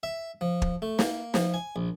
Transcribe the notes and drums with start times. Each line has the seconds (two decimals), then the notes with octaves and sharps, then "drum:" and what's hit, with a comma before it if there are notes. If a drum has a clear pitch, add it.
0.03 E5
0.41 F3
0.62 drum: kick
0.82 A3
0.99 A#3, drum: snare
1.34 F3, drum: snare
1.54 G#5
1.76 A#1